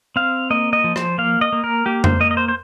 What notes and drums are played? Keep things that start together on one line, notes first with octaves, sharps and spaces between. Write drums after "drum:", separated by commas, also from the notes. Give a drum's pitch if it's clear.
C4 F5
A#3 D#5
D#5
F3
C5, drum: rim click
A#3 F5
D#5
A#3
A#4
A#3 G4
C5, drum: tom F2
A#3 D#5
D#5
C5
C5